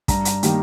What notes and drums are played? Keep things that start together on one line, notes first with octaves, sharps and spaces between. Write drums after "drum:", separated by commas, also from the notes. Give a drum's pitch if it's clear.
G2 A#5, drum: kick, hi-hat
drum: hi-hat
D#3 G3 A#3, drum: hi-hat